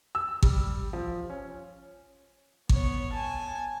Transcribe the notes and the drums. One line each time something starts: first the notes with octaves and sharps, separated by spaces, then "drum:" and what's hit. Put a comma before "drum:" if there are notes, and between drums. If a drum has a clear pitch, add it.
E6
G3, drum: kick G#1
F3
C#4
B3 C#5, drum: kick G#1
G#5 A5